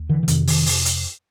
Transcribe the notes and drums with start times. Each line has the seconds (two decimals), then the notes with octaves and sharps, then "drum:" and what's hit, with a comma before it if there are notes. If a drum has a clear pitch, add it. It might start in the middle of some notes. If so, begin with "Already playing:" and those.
Already playing: D#2
0.09 D3 E3
0.23 D3
0.28 F2 C3 D#3, drum: hi-hat
0.47 D#3, drum: open hi-hat
0.66 drum: open hi-hat
0.86 drum: hi-hat